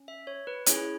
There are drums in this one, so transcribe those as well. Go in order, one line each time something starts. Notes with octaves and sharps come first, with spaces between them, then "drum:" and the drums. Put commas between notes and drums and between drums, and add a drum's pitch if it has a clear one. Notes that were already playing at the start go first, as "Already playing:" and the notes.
Already playing: C#4
E5
C#5
B4
C#4 E4 G#4 C#5, drum: hi-hat